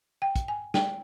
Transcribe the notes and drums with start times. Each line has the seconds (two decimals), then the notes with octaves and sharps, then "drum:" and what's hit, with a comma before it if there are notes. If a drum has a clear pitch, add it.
0.22 G5
0.36 drum: kick, hi-hat
0.48 G#5
0.74 G5, drum: snare